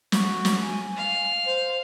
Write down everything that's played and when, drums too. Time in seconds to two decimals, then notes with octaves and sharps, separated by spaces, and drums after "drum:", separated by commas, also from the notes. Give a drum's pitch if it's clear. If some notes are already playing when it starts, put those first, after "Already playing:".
0.12 F#4, drum: snare
0.45 drum: snare
0.61 G#5
0.96 F5
1.45 C5